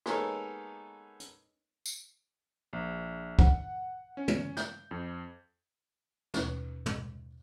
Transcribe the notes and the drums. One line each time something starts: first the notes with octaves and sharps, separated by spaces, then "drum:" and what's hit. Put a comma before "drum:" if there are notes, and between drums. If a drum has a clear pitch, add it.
G#3 A#3 B3 D#4 A4 C#5, drum: rim click
drum: hi-hat
drum: tambourine
A#1
F#5, drum: kick
C#4
drum: tom
G6, drum: snare
F2
D#2 B2 C#4, drum: snare
drum: tom